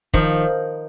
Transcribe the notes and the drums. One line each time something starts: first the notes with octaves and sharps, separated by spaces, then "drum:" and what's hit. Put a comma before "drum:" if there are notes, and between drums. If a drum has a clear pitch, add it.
D#3 F3, drum: kick